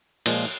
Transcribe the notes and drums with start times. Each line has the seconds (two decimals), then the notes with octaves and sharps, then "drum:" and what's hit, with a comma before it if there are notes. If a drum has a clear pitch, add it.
0.26 A#2 F3 G#3, drum: cymbal